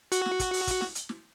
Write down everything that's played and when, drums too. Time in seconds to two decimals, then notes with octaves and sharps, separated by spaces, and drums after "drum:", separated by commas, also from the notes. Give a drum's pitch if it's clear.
0.12 F#4, drum: hi-hat
0.26 drum: snare
0.40 drum: kick, hi-hat
0.53 drum: open hi-hat
0.67 drum: kick, hi-hat
0.81 drum: snare
0.95 drum: hi-hat
1.09 drum: snare